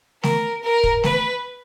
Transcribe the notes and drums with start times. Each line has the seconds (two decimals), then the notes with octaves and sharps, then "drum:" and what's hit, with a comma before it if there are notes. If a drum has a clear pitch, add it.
0.23 A#4, drum: snare A3
0.63 A#4
0.84 drum: kick
1.04 B4, drum: snare A3